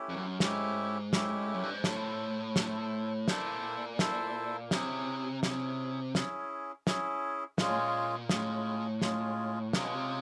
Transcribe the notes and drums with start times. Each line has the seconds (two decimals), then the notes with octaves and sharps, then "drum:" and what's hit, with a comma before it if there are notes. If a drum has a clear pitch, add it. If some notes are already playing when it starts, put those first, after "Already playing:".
Already playing: A3 C#4 E4 G4
0.09 F2
0.16 F#2
0.40 G#2 A3 C#4 E4 G4, drum: snare
1.13 A3 C#4 E4 G4, drum: snare
1.54 F#2
1.64 G2
1.74 G#2
1.84 A2 E4 A4 C5, drum: snare
2.56 E4 A4 C5, drum: snare
3.28 A#2 E4 A4 C5, drum: snare
3.99 E4 A4 C5, drum: snare
4.71 C3 C#4 E4 G#4, drum: snare
5.43 C3 C#4 E4 G#4, drum: snare
6.15 C#4 E4 G#4, drum: snare
6.87 C#4 E4 G#4, drum: snare
7.58 A#2 G#3 C#4 F4 G#4, drum: snare
7.68 A2
7.77 A#2
8.29 A2 G#3 C#4 F4 G#4, drum: snare
9.02 G#3 C#4 F4 G#4, drum: snare
9.73 C3 G#3 C#4 F4 G#4, drum: snare
9.83 B2
9.94 C3